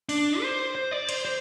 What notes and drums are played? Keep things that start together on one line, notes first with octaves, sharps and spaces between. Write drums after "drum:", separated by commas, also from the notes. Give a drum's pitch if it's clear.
D4, drum: open hi-hat
C5
C5
D5
C5, drum: cymbal
C5